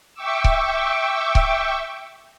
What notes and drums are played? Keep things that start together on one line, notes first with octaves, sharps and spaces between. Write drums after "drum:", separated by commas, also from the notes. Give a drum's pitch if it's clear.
E5 G5 C#6 D6 E6
drum: kick C#1
drum: kick C#1